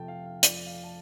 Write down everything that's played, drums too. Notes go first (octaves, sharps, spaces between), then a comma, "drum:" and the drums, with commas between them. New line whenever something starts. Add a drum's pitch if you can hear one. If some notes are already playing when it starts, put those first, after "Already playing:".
Already playing: F2 C3 F3 A3 G5 A5
F5
F5
F2 F3 A3 D5, drum: hi-hat
F5
A5